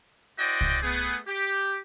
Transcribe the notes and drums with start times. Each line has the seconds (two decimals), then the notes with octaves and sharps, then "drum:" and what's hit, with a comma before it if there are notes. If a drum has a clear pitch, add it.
0.38 E4 F#4 C5 D5 D#5 G5
0.61 drum: kick C2
0.82 A3 B3 G#4
1.26 G4